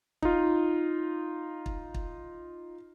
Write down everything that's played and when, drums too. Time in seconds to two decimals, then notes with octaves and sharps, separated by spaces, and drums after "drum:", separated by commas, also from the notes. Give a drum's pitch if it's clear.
0.22 D#4 F4, drum: kick
1.66 drum: kick
1.94 drum: kick